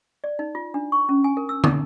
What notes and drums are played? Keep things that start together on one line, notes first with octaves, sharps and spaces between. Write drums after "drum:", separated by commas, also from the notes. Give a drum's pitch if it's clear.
D5
D#4
F4
D4
C#6
C#4
G#5
A#4
E6
D#4, drum: tom